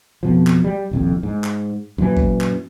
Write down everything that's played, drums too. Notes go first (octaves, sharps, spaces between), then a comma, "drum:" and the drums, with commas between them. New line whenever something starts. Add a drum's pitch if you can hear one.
F2 B2 F3
drum: clap
G3
D#1 C2 F2
G#2
drum: clap
F#2 A#2 D3 E3
drum: kick G1
drum: clap